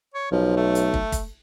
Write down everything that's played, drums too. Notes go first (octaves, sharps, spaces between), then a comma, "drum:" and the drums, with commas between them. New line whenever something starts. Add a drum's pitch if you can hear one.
C#5
B1 F3
A3
drum: hi-hat
drum: kick
drum: kick, hi-hat